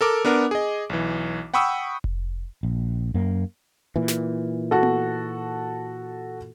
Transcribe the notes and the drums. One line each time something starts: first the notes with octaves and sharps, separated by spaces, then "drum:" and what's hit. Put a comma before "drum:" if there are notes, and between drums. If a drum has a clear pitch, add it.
A4 A#4 D6
B3 D4 A#4 F#5
G#4 D#5
B1 E3
F#5 G5 B5 C#6 D#6 E6
drum: kick F1
A#1
F#2 A#3
A#2 E3
drum: snare
F#4 A4
drum: tom B3